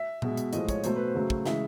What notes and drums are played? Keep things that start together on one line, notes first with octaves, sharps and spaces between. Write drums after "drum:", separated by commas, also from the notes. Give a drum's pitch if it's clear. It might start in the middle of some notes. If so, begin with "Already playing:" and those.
Already playing: E5
B2 G#3, drum: tom A#2
drum: hi-hat
A2 F3 G#3 D#5, drum: hi-hat
C#5, drum: kick, hi-hat
B2 F#3 A3 C5, drum: hi-hat
B4
C5
C#3 F#3 A3
drum: kick
C#3 E3 G#3 E5, drum: snare